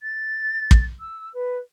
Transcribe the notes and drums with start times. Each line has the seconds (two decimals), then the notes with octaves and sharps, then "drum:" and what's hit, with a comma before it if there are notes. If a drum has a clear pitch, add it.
0.01 A6
0.71 drum: kick
1.00 E6
1.34 B4